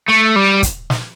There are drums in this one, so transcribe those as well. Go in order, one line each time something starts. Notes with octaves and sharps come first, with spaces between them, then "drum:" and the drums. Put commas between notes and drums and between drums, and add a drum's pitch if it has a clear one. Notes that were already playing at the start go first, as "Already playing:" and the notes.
A3
G3
drum: kick, hi-hat
drum: snare